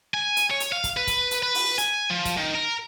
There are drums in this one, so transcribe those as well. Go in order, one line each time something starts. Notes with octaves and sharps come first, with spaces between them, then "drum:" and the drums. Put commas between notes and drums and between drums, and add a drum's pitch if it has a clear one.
G#5
drum: hi-hat
C#5
drum: hi-hat
F5
drum: kick, hi-hat
B4
drum: kick, hi-hat
drum: hi-hat
B4
drum: open hi-hat
G#5, drum: hi-hat
F3
drum: kick, hi-hat
D#3
A#4